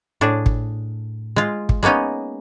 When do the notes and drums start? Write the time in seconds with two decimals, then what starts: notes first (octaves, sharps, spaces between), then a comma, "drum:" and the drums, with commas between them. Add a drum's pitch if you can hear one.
0.21 A2 D4 G#4
0.46 drum: kick
1.36 G#3 F4
1.69 drum: kick
1.83 G#3 A#3 B3 C#4 D#4